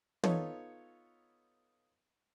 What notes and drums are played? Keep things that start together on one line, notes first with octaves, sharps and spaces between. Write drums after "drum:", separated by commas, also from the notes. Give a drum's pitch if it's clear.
B3 D#4 F4 A4 C#5, drum: tom